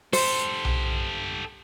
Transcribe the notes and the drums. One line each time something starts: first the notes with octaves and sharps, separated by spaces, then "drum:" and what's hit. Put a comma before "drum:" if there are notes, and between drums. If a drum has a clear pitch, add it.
G4 A4 C5, drum: open hi-hat
drum: tom B1